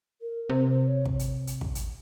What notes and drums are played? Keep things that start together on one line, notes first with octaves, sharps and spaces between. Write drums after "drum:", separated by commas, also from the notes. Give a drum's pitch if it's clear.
A#4
C3 C5
C5
C#5
drum: kick
drum: hi-hat
drum: hi-hat
drum: kick
drum: hi-hat